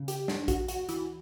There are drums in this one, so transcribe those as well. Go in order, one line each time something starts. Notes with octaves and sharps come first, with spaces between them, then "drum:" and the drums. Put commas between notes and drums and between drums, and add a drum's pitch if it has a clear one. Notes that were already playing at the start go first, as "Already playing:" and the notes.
Already playing: C#3
G4, drum: hi-hat
D4, drum: snare
F#4, drum: kick A#1, hi-hat
F#4, drum: hi-hat
E3, drum: hi-hat